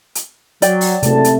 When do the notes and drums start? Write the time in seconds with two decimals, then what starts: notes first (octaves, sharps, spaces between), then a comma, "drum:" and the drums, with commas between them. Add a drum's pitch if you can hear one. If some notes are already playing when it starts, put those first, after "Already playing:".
0.15 drum: hi-hat
0.62 F#3 D5 G5, drum: hi-hat
0.81 drum: open hi-hat
1.03 F#1 C3 A3 A5, drum: hi-hat
1.24 drum: hi-hat